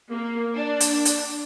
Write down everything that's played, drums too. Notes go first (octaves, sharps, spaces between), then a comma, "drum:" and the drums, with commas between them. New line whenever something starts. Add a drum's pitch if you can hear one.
A#3
D4
drum: hi-hat
drum: hi-hat